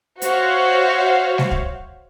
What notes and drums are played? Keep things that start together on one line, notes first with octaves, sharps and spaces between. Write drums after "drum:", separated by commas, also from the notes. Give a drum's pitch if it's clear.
F#4 C5 C#5 E5 F5, drum: hi-hat
drum: snare G3
drum: kick